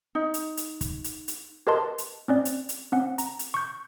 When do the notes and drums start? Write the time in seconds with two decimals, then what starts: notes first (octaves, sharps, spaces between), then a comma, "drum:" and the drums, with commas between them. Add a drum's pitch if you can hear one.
0.15 D#4
0.34 drum: hi-hat
0.57 drum: hi-hat
0.81 drum: kick, hi-hat
1.04 drum: hi-hat
1.28 drum: hi-hat
1.67 G4 A#4 B4 D#5 A5 C6
1.98 drum: hi-hat
2.28 C4 C#4 D5
2.45 drum: hi-hat
2.69 drum: hi-hat
2.92 C4 C#4 F#5
3.18 A#5, drum: hi-hat
3.39 drum: hi-hat
3.54 C#6 G6